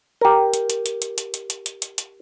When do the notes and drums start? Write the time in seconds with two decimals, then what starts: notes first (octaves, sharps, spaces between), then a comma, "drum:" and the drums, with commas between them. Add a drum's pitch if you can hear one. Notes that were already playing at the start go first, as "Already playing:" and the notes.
0.21 G4 A#4
0.54 drum: hi-hat
0.70 drum: hi-hat
0.86 drum: hi-hat
1.02 drum: hi-hat
1.18 drum: hi-hat
1.34 drum: hi-hat
1.50 drum: hi-hat
1.66 drum: hi-hat
1.82 drum: hi-hat
1.98 drum: hi-hat